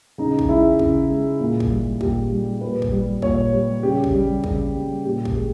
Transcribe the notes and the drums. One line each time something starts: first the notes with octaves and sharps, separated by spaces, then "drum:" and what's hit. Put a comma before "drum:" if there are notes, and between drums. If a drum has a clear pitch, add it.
C#3 D#4
drum: kick
G#3 E4
C#3, drum: kick
G#3
A#2
drum: kick
G3
A#2 G4, drum: kick
G3
A#2 B4
drum: kick
G3
A#2 C#5, drum: kick
G3
C#3 G4
drum: kick
G3
C#3, drum: kick
G3
A#2 G4
drum: kick
G#3